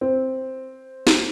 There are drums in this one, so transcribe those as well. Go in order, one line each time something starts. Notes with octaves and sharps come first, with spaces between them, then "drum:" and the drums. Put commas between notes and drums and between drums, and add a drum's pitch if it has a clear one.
C4
drum: snare